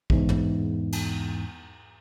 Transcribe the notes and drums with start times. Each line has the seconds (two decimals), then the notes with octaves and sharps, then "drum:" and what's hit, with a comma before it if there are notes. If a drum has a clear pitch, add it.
0.10 E2 G#2, drum: kick
0.29 drum: tom
0.92 drum: cymbal